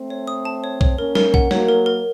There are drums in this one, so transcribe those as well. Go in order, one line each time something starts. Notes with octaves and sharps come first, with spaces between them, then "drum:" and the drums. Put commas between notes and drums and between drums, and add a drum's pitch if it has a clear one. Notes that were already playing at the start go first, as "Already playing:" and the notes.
Already playing: A3 C4
C#5
D#6
A5
C#5
C#5, drum: kick B1
A#3 C#4 A#4
A#4, drum: snare
F#5, drum: kick B1
F#3 A#3 C#5, drum: snare
A#4
A#4